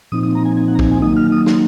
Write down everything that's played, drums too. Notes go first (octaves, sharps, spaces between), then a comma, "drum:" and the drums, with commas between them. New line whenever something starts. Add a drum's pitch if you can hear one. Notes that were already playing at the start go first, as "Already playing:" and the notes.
A#2 F3 C4 D#4 D#6
D#6
A#5
G#5
G#5
F#5
A#5
G#5, drum: kick
G#5
D#3 F#3 A#3 D#4 D#6
F6
D#6
C6, drum: snare